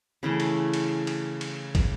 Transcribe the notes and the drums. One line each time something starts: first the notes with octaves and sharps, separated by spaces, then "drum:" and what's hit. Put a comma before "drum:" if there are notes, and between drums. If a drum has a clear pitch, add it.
C#3 E3 A3
drum: cymbal
drum: cymbal
drum: cymbal
drum: cymbal
drum: kick, cymbal